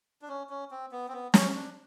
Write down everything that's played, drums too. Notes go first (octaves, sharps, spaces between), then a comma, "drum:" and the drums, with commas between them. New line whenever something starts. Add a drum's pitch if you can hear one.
D4
C#4
C#4
C4
B3
C4
B3
C#4, drum: snare
D4